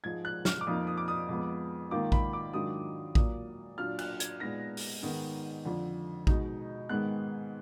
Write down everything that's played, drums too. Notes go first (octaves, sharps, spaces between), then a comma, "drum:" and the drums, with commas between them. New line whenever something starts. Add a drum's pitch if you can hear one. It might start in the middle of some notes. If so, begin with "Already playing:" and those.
G#2 F3 G#3 G#6
F#6
F6, drum: snare
D6
F2 F3 A#3 D#4 D#6
D#6
D6
D#6
F2 F3 G#3 B3
G#2 D#3 A#3 F4 D6
B5, drum: kick A1
D6
G#2 D#3 F#3 D4 F4 D#6
A#2 F#3 A#3 D#6, drum: kick A1
A#2 F#3 D4 F4 F6
F#6, drum: cymbal
G#6, drum: hi-hat
A#2 G#3 B3 D#4 A#6
drum: open hi-hat
G#2 D#3 G#3 B3
F2 D3 F3
B2 G#3 D#4, drum: kick A1
G#2 D#3 G#3 B3 F#6